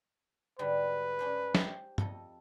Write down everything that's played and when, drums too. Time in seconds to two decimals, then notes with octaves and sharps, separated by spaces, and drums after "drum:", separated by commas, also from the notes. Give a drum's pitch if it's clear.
0.59 G#2 D3 G3 B4
1.19 C#4 D4 C5
1.55 G4 C5, drum: snare
1.98 F2 A4 D#5, drum: tom G2